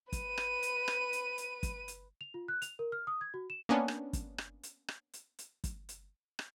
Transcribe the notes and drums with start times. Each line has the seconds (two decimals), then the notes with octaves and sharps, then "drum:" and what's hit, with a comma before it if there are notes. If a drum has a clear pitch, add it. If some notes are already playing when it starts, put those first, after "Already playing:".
0.12 B4 D#7, drum: kick, hi-hat
0.38 drum: rim click
0.63 drum: hi-hat
0.88 drum: rim click
1.13 drum: hi-hat
1.38 drum: hi-hat
1.63 drum: kick, hi-hat
1.88 drum: hi-hat
2.21 F7
2.34 F4
2.48 F#6
2.62 F7, drum: hi-hat
2.79 A#4
2.92 F6
3.07 D#6
3.21 G#6
3.34 F#4
3.50 E7
3.69 A#3 B3 C#4 D4
3.88 drum: rim click
4.13 drum: kick, hi-hat
4.38 drum: rim click
4.63 drum: hi-hat
4.88 drum: rim click
5.13 drum: hi-hat
5.39 drum: hi-hat
5.64 drum: kick, hi-hat
5.89 drum: hi-hat
6.39 drum: rim click